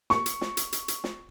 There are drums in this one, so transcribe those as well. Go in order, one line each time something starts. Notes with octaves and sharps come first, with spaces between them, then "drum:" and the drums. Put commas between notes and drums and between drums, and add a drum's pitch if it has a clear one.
C#6, drum: snare
drum: hi-hat
drum: snare
drum: hi-hat
drum: hi-hat
drum: hi-hat
drum: snare